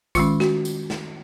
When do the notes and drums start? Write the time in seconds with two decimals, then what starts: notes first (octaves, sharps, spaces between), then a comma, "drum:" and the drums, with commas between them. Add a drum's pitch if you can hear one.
0.15 D#3 G#3 C#4 F4, drum: kick A1, tambourine
0.40 F#4, drum: snare
0.65 drum: tambourine
0.90 drum: snare